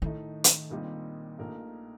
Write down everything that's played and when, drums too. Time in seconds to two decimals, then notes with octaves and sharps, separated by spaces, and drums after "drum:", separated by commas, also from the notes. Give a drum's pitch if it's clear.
0.02 A2 D#3 A3 D#4
0.44 drum: hi-hat
0.70 A#1 A#2 G3 C4 D#4
1.39 A#1 A#2 A3 D#4 A#4